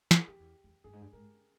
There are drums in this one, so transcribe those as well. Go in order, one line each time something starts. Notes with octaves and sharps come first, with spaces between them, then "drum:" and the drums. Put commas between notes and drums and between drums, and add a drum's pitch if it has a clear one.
A#4, drum: snare
G#4
F2 G4
E2
E2
G2 G#4
G#2
G2
G#2 A#4